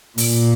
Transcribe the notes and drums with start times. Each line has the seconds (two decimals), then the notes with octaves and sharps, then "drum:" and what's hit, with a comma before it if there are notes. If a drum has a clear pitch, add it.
0.18 A#2, drum: open hi-hat